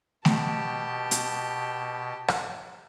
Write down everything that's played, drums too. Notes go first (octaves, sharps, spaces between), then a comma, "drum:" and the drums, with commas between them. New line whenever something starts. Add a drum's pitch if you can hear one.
B2 G4 A5, drum: snare A3
drum: hi-hat
drum: rim click